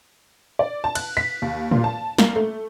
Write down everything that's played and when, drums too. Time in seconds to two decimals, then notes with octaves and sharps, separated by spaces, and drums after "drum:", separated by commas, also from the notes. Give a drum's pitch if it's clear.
0.59 D5
0.84 A5
0.95 F#6, drum: cymbal
1.17 B6
1.42 D#2
1.71 A#2, drum: tom A#2
1.84 A5
2.18 A#3, drum: snare
2.36 A3